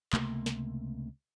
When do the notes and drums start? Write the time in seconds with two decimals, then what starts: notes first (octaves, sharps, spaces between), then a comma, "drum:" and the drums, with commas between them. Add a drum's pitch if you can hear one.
0.13 C#2 C3 A3 A#3, drum: clap
0.46 drum: snare